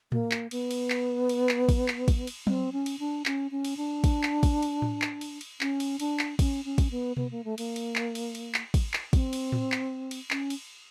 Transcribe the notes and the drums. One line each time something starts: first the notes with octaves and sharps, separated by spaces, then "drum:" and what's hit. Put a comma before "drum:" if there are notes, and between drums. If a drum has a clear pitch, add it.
A#3, drum: tom A2
drum: clap
B3, drum: cymbal
drum: cymbal
drum: clap
drum: cymbal
drum: clap
drum: kick, cymbal
drum: clap
drum: kick, cymbal
drum: cymbal
C4, drum: tom F#3
C#4
drum: cymbal
D4
C#4, drum: clap
C#4
drum: cymbal
D4
drum: kick, cymbal
drum: clap
drum: kick, cymbal
drum: cymbal
drum: tom A2
drum: clap
drum: cymbal
drum: cymbal
C#4, drum: clap
drum: cymbal
D4, drum: cymbal
drum: clap
C#4, drum: kick, cymbal
C#4
drum: kick, cymbal
B3
B3, drum: tom B2
A#3
A3
A#3, drum: cymbal
drum: cymbal
drum: clap
drum: cymbal
drum: cymbal
drum: clap
drum: kick, cymbal
drum: clap
C4, drum: kick, cymbal
drum: cymbal
drum: tom A2
drum: clap
drum: cymbal
C#4, drum: clap
drum: cymbal